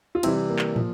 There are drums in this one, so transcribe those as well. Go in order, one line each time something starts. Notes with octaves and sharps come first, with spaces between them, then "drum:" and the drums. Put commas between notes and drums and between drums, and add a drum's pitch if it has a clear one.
F4
C3 E3 G3 C4 E4, drum: cymbal
A#3
drum: clap
A#2 F3, drum: tom